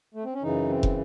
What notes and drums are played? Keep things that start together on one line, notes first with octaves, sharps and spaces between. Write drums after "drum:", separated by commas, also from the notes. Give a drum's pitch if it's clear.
A3
C4
C#4
F#2 C#3 E3 D#4
C4
drum: kick